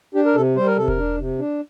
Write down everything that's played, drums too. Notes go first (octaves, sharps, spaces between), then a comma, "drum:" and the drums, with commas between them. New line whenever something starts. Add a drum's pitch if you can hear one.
D4 G4
A#4
C3 A4
G3 C5
A#4
C3 A4
A#4, drum: kick E1
D4
C3
D4